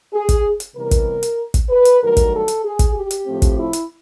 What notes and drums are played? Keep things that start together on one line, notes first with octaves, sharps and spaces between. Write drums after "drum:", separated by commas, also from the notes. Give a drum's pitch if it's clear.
G#4
drum: kick, hi-hat
drum: hi-hat
C3 E3 G3 B3 A#4
drum: kick, hi-hat
drum: hi-hat
drum: kick, hi-hat
B4
drum: hi-hat
G2 D#3 F#3 A3 A#4
drum: kick, hi-hat
A4
drum: hi-hat
G#4
drum: kick, hi-hat
G4
drum: hi-hat
A2 F3 A3 C4
drum: kick, hi-hat
E4
drum: hi-hat